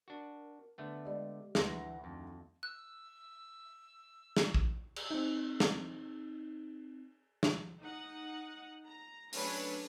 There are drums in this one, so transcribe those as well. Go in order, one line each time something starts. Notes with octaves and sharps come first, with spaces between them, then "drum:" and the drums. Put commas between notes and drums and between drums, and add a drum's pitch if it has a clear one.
D4 F#4 A#4
D3 A3 B3
G#3 G4 D5 D#5
D2 E3 F#5 C6 A#6, drum: snare
F2 D#3
E6 F#6
drum: snare
drum: kick A#1
drum: cymbal
C4 D#4
drum: snare
drum: snare
D#4 F#5
A#5
F#3 A3 C#4 D4 B4 C#5, drum: open hi-hat